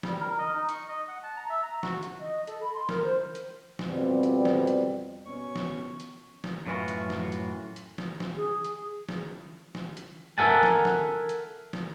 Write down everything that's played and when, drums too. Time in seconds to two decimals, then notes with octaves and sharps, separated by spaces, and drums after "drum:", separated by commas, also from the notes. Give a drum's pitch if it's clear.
0.03 G3, drum: snare
0.21 A#4
0.38 D#5
0.54 D#4
0.69 C#6, drum: hi-hat
0.89 D#5
1.08 F#5
1.23 A5
1.36 A#5
1.50 E5
1.63 A#5
1.83 F#4, drum: snare
2.03 drum: hi-hat
2.19 D#5
2.47 A4, drum: hi-hat
2.61 B5
2.74 C6
2.89 A#4, drum: snare
3.04 C5
3.35 drum: hi-hat
3.79 drum: snare
3.89 F2 B2 G3 C4 D5
4.23 drum: hi-hat
4.45 drum: snare
4.67 drum: hi-hat
5.26 B2 C#4 C#6
5.56 drum: snare
6.00 drum: hi-hat
6.44 drum: snare
6.67 F#2 A2 E3 F4 F#4
6.88 drum: hi-hat
7.10 drum: snare
7.32 drum: hi-hat
7.76 drum: hi-hat
7.98 drum: snare
8.20 drum: snare
8.36 G#4
8.64 drum: hi-hat
9.09 drum: snare
9.75 drum: snare
9.97 drum: hi-hat
10.38 A4 A#4 E5 F#5 G#5 A5
10.63 drum: snare
10.85 drum: snare
11.29 drum: hi-hat
11.73 drum: snare